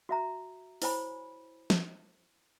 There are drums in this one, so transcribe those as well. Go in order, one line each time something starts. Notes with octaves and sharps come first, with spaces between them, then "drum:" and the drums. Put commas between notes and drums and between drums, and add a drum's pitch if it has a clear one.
F#4 E5 A#5
E4 C5 C#5 G#5 B5, drum: open hi-hat
drum: snare